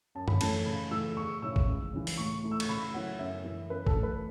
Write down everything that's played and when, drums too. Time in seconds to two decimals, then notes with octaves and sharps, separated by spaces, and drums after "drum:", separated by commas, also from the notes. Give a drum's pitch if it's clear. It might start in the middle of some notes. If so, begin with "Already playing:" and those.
0.15 F#2 A5
0.28 B5, drum: tom F#2
0.41 E3 A3 C#4 A5, drum: cymbal
0.66 C#3 B5
0.91 E3 A3 E6
1.16 E2 C#6
1.42 C#3 E3 C#4 E4 E6
1.56 drum: kick
1.68 C#2
1.93 C#3 E3
2.07 drum: open hi-hat
2.18 A2 C#6
2.43 A3 E4
2.51 E6
2.60 C#6, drum: cymbal
2.69 C#3 B5
2.94 F#3 B3 E4 F#5
3.19 F#2 E5
3.44 E3 B3 E4
3.70 F#2 B4
3.87 A4, drum: kick
3.95 E3 A3
4.03 B4